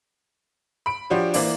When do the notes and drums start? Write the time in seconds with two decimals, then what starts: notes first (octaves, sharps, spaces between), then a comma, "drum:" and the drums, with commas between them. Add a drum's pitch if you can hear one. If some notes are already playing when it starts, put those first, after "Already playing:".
0.86 B5 D7
1.10 F3 D4 F#4 G4 C#5
1.34 E3 A#3 C5 D5, drum: open hi-hat